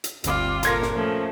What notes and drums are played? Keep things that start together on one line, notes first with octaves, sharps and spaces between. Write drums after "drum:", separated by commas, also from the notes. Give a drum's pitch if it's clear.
drum: hi-hat
G1 D2 G3 C4 F4 D6, drum: hi-hat
A#2 A4 A#4 C6 G#6 A#6, drum: hi-hat
drum: snare
F3 A3 C#4